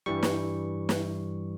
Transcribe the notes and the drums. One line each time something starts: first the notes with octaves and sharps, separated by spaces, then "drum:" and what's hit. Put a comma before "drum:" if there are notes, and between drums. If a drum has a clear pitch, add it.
G2 E3 G3 C#6
drum: snare
drum: snare